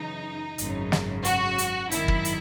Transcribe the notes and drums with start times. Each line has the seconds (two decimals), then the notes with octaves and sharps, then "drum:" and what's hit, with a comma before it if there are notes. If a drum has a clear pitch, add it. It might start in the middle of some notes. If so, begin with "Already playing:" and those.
Already playing: F#2 C#3 E3 D#4
0.58 G#1 F#2 C#3, drum: hi-hat
0.92 drum: snare
1.25 F#4, drum: hi-hat
1.58 drum: hi-hat
1.91 G#1 F#2 D#3 E4, drum: hi-hat
2.08 drum: kick
2.25 drum: hi-hat